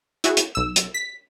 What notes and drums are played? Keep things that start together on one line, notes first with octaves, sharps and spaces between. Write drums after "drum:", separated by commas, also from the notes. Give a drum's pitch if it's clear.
E4 F#4 G#4, drum: hi-hat
drum: hi-hat
B1 E6
drum: hi-hat
B6